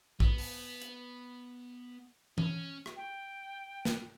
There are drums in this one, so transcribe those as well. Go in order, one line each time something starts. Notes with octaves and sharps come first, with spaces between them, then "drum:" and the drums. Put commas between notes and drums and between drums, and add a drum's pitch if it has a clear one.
B3, drum: kick A#1
drum: open hi-hat
drum: hi-hat
C#4, drum: tom E3
drum: rim click
G5
drum: snare